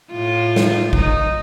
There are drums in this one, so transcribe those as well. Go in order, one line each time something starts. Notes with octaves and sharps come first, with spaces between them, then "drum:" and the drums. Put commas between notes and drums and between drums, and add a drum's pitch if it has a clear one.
A2 F4
drum: snare
D#4, drum: kick